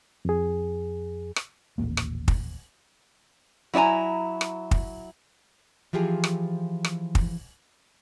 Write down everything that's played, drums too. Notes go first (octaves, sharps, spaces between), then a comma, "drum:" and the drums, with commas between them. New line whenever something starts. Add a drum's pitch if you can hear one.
F2 G#4
drum: rim click
D#1 A1 D#2 A#3
drum: rim click
drum: kick
F#3 E4 D5 G#5 A#5
drum: rim click
drum: kick
E3 F3 F4 G4 G#4
drum: rim click
drum: rim click
drum: kick